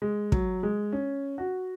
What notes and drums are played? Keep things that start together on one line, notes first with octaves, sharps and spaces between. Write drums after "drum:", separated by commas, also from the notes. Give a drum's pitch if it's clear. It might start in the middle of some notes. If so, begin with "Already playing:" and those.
G#3
F#3, drum: kick
G#3
C#4
F#4